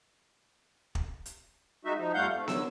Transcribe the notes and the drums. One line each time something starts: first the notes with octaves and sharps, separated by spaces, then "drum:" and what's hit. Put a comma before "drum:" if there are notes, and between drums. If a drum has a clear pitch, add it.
drum: kick
drum: hi-hat
G#3 D#4 F#4 E5
F3 D#4
F2 G3 A3 F5 F#5 G6
G#2 A3
D3 F#3 E6, drum: snare